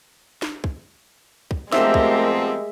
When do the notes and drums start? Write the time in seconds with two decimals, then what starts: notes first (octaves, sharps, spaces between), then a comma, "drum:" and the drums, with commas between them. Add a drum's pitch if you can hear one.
0.42 drum: snare
0.64 drum: kick
1.51 drum: kick
1.72 F3 G#3 A3 B3 C4 G4 A#4 E5, drum: snare
1.94 drum: kick